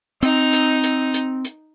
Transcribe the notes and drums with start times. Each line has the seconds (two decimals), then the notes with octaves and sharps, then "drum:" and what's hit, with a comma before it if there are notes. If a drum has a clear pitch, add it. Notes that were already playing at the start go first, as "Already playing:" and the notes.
0.23 C4 D#4, drum: hi-hat
0.53 drum: hi-hat
0.84 drum: hi-hat
1.14 drum: hi-hat
1.45 drum: hi-hat